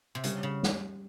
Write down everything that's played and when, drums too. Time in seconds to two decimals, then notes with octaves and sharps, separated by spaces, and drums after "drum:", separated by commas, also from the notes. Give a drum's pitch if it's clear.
0.15 C3
0.24 C#3 G3, drum: hi-hat
0.43 C#3
0.63 drum: snare